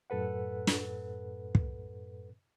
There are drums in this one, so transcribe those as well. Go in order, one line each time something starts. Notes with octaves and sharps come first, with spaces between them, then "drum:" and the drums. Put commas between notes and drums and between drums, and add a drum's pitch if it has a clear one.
F#2 A2 A4 B4 F#5
drum: snare
drum: kick